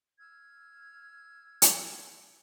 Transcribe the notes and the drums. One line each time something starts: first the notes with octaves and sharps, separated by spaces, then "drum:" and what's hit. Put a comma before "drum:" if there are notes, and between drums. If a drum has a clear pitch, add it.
E6 F6 G#6
drum: hi-hat